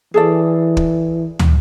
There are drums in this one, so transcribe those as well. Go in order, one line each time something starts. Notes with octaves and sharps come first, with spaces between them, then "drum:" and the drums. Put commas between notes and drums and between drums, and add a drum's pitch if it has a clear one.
E3 G#4 A4 D5
drum: kick
drum: tom